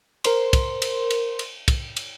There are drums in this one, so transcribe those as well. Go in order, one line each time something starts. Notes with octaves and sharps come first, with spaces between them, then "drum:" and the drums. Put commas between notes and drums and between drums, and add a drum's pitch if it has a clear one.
A#4 C5 C6, drum: cymbal
drum: kick, cymbal
drum: cymbal
drum: cymbal
drum: cymbal
drum: kick, cymbal
drum: cymbal